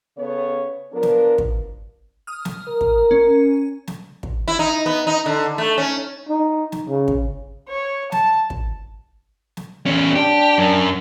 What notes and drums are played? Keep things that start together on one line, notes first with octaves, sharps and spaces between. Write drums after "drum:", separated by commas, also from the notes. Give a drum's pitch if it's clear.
C#3 B3 A4 C#5
F3 B3 D4 A#4
drum: snare
drum: kick
D#6 F6
drum: snare
A#4
drum: kick
C#4
drum: snare
drum: kick
E4
D#4
B3
D#4
D3
A3
C#4
D#4
drum: snare
C#3
drum: kick
C#5
A5, drum: snare
drum: kick
drum: snare
E2 C#4
D4 G4
F#2